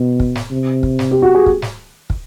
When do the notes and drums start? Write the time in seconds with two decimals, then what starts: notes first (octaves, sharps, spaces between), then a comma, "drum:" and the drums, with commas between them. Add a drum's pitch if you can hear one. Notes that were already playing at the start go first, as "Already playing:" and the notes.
Already playing: B2
0.20 drum: kick
0.35 drum: snare
0.51 C3
0.83 drum: kick
0.99 drum: snare
1.11 G4
1.22 F#4
1.35 G#4
1.46 drum: kick
1.62 drum: snare
2.10 drum: kick